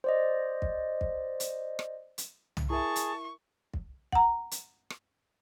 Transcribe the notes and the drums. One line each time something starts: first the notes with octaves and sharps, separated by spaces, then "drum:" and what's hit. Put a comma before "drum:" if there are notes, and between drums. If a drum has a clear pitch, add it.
C5 D5 D#5
drum: kick
drum: kick
drum: hi-hat
drum: rim click
drum: hi-hat
drum: tom
E4 G#4 A#4 E5 A5 C#6
drum: hi-hat
drum: kick
F#5 A#5, drum: kick
drum: hi-hat
drum: rim click